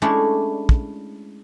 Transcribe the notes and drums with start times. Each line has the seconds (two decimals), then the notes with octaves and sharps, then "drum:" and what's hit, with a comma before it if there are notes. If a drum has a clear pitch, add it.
0.02 G#3 A3 C#4 D4 E4 D5
0.69 drum: kick